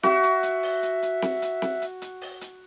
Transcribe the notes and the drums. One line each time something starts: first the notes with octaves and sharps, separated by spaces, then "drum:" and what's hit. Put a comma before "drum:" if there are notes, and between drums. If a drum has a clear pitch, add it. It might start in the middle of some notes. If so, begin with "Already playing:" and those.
F#4 E5, drum: snare C4
drum: hi-hat
drum: hi-hat
drum: open hi-hat
drum: hi-hat
drum: hi-hat
drum: snare C4
drum: hi-hat
drum: snare C4
drum: hi-hat
drum: hi-hat
drum: open hi-hat
drum: hi-hat